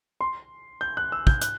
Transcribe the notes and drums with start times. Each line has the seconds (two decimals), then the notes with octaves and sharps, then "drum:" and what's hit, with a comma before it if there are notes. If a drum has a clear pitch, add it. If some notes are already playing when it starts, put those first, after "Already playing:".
0.21 C6
0.81 G6
0.97 F#6
1.12 E6
1.27 G6, drum: kick
1.42 F#6, drum: hi-hat